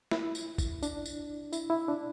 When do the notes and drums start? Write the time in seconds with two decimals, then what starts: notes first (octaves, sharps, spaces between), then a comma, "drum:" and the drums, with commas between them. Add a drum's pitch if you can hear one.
0.11 E4, drum: snare
0.35 drum: tambourine
0.58 drum: kick, tambourine
0.83 D4, drum: tambourine
1.06 drum: tambourine
1.53 E4, drum: tambourine
1.70 E4
1.88 D4